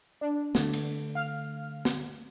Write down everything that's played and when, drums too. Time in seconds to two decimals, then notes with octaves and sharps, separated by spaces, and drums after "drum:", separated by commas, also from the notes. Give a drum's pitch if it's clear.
0.21 D4
0.55 D3 A3, drum: snare
0.73 drum: cymbal
1.15 F5 F6
1.85 drum: snare